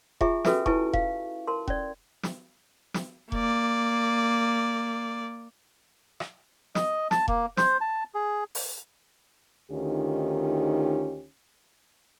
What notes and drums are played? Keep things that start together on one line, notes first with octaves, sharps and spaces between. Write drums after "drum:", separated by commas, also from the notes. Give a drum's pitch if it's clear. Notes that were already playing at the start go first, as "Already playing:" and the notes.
F4 G#4 E5 G#5 A#5 C#6, drum: kick E1
C#4 F#4 A4 B4 E5 G#5, drum: snare
E4 B4 G#5 A5 C#6, drum: kick E1
F5, drum: kick E1
A#4 A5 C6
C#4 D5, drum: kick E1
drum: snare
drum: snare
A#3 D5, drum: kick E1
drum: rim click
D#5, drum: snare
A5, drum: snare
A#3, drum: kick E1
C5, drum: snare
A5
G#4
drum: open hi-hat
D2 D#3 C#4 D#4 F4 G4